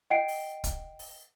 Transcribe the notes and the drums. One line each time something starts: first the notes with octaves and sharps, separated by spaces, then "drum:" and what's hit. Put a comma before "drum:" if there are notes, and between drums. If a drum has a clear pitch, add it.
D#5 F#5 G5 C7 D7
drum: open hi-hat
drum: kick, hi-hat
drum: open hi-hat